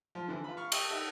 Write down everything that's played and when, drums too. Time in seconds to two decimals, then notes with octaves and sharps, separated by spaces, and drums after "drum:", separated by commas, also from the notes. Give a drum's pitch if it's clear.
0.15 F3
0.28 D3 E3
0.44 F4 B5
0.57 F5 C#6 F6
0.72 D#5 E5 G5 A5 B5, drum: cymbal
0.90 D#4 G4 A4 E5 F#5